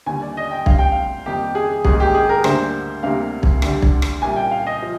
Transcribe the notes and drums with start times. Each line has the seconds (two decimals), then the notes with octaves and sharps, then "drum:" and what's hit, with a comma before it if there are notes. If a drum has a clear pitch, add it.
0.06 D#2 D3 G3 G#5
0.22 D5
0.37 D#5
0.51 G5
0.66 D2 C3 G3 F5, drum: kick
0.78 G5
0.92 F5
1.25 F2 D#3 G3 A#3 G4
1.55 G#4
1.84 G#2 D#3 G3 A#3 G#4, drum: kick
2.00 G4
2.14 G#4
2.29 A#4
2.44 D2 D3 G3 A#3 C5, drum: rim click
3.03 D2 C3 G3 A#3 F5
3.43 drum: kick
3.62 D2 D3 G3, drum: rim click
3.82 drum: kick
4.02 drum: rim click
4.22 C2 A#2 G3 A#3 G#5
4.36 G5
4.51 F5
4.67 D#5
4.83 F3